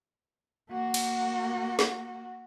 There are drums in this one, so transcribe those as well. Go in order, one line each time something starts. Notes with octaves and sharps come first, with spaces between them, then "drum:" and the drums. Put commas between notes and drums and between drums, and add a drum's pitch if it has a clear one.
A#3 F#4
drum: cymbal
drum: snare